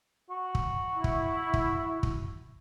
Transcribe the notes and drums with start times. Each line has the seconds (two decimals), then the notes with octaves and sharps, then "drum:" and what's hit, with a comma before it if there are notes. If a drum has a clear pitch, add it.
0.30 F#4
0.55 drum: kick
0.92 E4
1.04 drum: kick
1.54 drum: kick
2.03 drum: kick